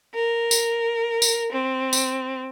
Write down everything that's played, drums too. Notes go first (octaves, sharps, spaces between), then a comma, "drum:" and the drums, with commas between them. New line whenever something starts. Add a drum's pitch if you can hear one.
A#4
drum: tambourine
drum: tambourine
C4
drum: tambourine